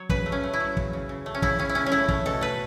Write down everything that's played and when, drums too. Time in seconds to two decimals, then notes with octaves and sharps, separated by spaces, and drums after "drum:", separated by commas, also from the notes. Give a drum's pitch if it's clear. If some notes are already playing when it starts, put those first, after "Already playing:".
Already playing: F#3 C#5
0.09 C#3 B4, drum: kick
0.26 A3
0.32 C#4
0.43 A3
0.53 E4
0.60 F#3
0.77 C#3, drum: kick
0.93 C#3
1.09 C#3
1.26 A3
1.35 C#4
1.42 C#3 E4, drum: kick
1.59 C#3 C#4
1.69 E4
1.75 C#3 C#4
1.86 C#4
1.92 A3 E4
2.09 A3, drum: kick
2.26 B2 A4
2.41 A3 B4